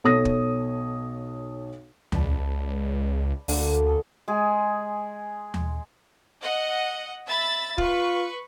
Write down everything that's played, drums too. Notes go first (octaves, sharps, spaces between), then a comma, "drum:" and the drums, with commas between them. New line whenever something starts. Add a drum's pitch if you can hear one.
B1 A4 C#5 D#6 A#6
drum: kick
C#2 B4 D5 A5, drum: tom D#2
D2 D3 A#3, drum: open hi-hat
G#4 A4
G#3 G#4
drum: tom D#2
D#5 F#5
E5 B5 A6
F4 B4 C#6, drum: kick